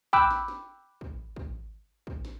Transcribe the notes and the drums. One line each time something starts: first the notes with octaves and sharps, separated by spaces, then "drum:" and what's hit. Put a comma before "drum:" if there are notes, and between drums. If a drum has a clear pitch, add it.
G5 B5 D6 E6 F#6, drum: kick
drum: snare
drum: snare
drum: kick
drum: kick
drum: kick
drum: snare